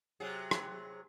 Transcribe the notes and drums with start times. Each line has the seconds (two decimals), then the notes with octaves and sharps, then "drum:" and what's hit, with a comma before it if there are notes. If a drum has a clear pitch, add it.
0.20 C3 F#3 G#4
0.51 drum: rim click